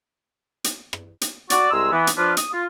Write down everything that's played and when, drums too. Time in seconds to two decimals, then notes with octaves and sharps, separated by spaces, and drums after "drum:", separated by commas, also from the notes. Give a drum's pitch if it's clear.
0.64 drum: hi-hat
0.93 drum: rim click
1.21 drum: hi-hat
1.50 F#4 D5, drum: hi-hat
1.71 C2 G#3 A#5 C6 E6
1.92 E3 B3
2.07 drum: hi-hat
2.17 F3 D4 F4 B4
2.37 D#6, drum: hi-hat
2.53 F4